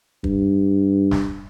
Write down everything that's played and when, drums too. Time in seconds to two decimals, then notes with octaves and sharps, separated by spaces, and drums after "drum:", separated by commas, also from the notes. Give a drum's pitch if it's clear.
0.24 G2, drum: kick
1.11 drum: snare